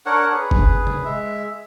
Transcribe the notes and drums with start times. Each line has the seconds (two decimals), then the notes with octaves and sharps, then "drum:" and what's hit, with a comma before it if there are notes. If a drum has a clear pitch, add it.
0.06 D4 A#4 C#5 F#5
0.33 G#4 B4
0.51 drum: kick G1
0.87 drum: tom C3
1.05 G#3 E5